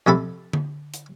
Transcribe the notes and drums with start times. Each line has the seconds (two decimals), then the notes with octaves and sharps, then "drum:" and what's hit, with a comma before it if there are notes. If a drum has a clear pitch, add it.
0.06 F2 C3 A4 B5
0.53 drum: tom D3
0.94 drum: hi-hat